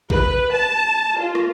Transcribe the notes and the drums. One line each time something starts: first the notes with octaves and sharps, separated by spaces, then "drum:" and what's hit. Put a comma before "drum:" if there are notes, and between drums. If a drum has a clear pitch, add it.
B4, drum: kick A#1
A5
F4
drum: rim click